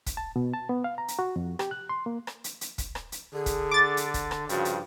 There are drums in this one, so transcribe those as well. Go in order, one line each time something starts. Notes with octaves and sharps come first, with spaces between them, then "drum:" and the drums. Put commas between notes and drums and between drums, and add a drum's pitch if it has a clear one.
drum: kick, hi-hat
A5
B2
A5
B3
F5
A#5
drum: hi-hat
F#4
F2
G4, drum: rim click
F#6
C6
A#3
drum: rim click
drum: hi-hat
drum: hi-hat
drum: kick, hi-hat
drum: rim click
drum: hi-hat
D3 G#4
drum: kick, hi-hat
D6 A6
drum: hi-hat
drum: kick, hi-hat
drum: rim click
G2 C#3 F3 F#4, drum: hi-hat
drum: hi-hat